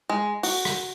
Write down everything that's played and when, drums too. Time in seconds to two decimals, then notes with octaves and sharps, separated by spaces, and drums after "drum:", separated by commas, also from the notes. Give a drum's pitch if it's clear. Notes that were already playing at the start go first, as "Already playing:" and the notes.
0.09 G#3
0.43 F#4, drum: open hi-hat
0.65 drum: rim click